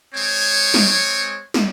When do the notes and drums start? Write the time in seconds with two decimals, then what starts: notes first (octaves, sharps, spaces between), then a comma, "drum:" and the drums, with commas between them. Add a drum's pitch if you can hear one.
0.14 G#3 C4 C#5
0.74 drum: snare
1.54 drum: snare